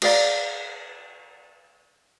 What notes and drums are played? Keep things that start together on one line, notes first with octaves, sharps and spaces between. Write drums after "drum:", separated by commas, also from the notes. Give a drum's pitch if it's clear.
G#4 D5 F5 A#5, drum: cymbal